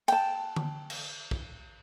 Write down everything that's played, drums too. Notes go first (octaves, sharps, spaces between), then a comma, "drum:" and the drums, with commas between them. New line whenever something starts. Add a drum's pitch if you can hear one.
G5 A5, drum: cymbal
drum: tom D3
drum: cymbal
drum: kick